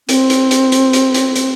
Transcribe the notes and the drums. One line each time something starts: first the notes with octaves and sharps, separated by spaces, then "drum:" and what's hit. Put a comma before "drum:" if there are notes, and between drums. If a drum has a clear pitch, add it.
C4, drum: hi-hat
drum: hi-hat
drum: hi-hat
drum: hi-hat
drum: hi-hat
drum: hi-hat
drum: hi-hat